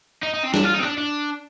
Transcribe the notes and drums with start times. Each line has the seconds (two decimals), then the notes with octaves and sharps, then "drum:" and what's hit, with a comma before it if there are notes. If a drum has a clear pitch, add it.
0.23 D#4
0.34 D#4
0.43 C4
0.54 D4, drum: snare
0.64 F4
0.74 D#4
0.79 C4
0.83 D4
0.98 D4